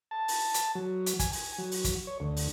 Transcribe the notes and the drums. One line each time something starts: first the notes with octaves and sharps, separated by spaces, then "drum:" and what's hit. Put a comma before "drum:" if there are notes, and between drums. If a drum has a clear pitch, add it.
A5
drum: open hi-hat
drum: hi-hat
F#3
drum: hi-hat
G#5, drum: kick, hi-hat
G#5, drum: open hi-hat
F#3
drum: open hi-hat
drum: kick, hi-hat
C#5
D2
drum: open hi-hat